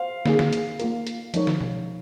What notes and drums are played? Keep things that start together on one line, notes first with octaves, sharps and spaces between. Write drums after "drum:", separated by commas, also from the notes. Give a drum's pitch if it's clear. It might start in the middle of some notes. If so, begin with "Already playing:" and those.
Already playing: C5 F5
A#3 D#4 G#4, drum: snare
drum: snare
drum: hi-hat
A#3 F4 A#4, drum: hi-hat
drum: hi-hat
F3 G#3 D#4 A#4 C#5, drum: hi-hat
drum: snare
drum: tom B2